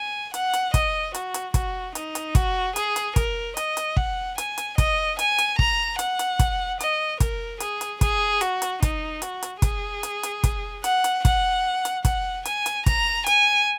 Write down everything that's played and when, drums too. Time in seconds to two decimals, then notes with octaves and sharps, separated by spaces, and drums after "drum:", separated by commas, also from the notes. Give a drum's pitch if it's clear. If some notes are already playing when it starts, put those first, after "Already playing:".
Already playing: G#5
0.34 F#5, drum: hi-hat
0.53 drum: hi-hat
0.74 D#5, drum: kick, hi-hat
1.14 F#4, drum: hi-hat
1.34 drum: hi-hat
1.54 F#4, drum: kick, hi-hat
1.95 D#4, drum: hi-hat
2.15 drum: hi-hat
2.35 F#4, drum: kick, hi-hat
2.76 G#4, drum: hi-hat
2.96 drum: hi-hat
3.16 A#4, drum: kick, hi-hat
3.57 D#5, drum: hi-hat
3.77 drum: hi-hat
3.97 F#5, drum: kick
4.38 G#5, drum: hi-hat
4.58 drum: hi-hat
4.78 D#5, drum: kick, hi-hat
5.19 G#5, drum: hi-hat
5.38 drum: hi-hat
5.59 A#5, drum: kick
5.99 F#5, drum: hi-hat
6.19 drum: hi-hat
6.39 drum: kick, hi-hat
6.80 D#5, drum: hi-hat
7.20 A#4, drum: kick, hi-hat
7.60 G#4, drum: hi-hat
7.81 drum: hi-hat
8.01 G#4, drum: kick, hi-hat
8.41 F#4, drum: hi-hat
8.62 drum: hi-hat
8.82 D#4, drum: kick, hi-hat
9.22 F#4, drum: hi-hat
9.43 drum: hi-hat
9.62 G#4, drum: kick, hi-hat
10.03 drum: hi-hat
10.23 drum: hi-hat
10.44 drum: kick, hi-hat
10.84 F#5, drum: hi-hat
11.04 drum: hi-hat
11.25 F#5, drum: kick, hi-hat
11.85 drum: hi-hat
12.05 F#5, drum: kick, hi-hat
12.45 G#5, drum: hi-hat
12.66 drum: hi-hat
12.86 A#5, drum: kick, hi-hat
13.26 G#5, drum: hi-hat